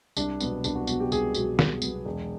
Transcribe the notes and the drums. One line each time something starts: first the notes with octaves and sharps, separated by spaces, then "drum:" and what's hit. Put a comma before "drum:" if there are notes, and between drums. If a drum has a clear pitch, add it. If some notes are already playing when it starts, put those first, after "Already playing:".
C2 D4, drum: tambourine
B2 F#3 B3, drum: tambourine
C2 D4, drum: tambourine
F#4
B2 F#3 B3 F#4, drum: tambourine
G4
C2 G#4, drum: tambourine
B2 F#3 B3, drum: tambourine
C2, drum: snare
B2 F#3 B3, drum: tambourine
E1